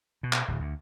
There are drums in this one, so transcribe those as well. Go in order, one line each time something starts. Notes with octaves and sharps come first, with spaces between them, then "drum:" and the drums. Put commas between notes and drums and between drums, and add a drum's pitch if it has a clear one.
B2
drum: clap
D1
D2